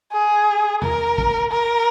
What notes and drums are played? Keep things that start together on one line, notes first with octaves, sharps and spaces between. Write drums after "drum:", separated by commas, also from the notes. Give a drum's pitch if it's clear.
G#4
A#4, drum: tom E2
drum: kick
A#4